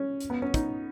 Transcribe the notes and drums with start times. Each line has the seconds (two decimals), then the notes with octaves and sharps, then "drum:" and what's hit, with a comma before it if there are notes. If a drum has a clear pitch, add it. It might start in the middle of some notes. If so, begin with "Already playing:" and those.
Already playing: C#4
0.20 drum: hi-hat
0.30 B3
0.42 C#4
0.54 D#4, drum: kick, hi-hat